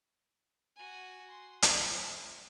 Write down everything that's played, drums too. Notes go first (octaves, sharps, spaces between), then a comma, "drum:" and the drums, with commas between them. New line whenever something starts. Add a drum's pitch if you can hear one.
F#4 G#5
C6
C5 E5, drum: hi-hat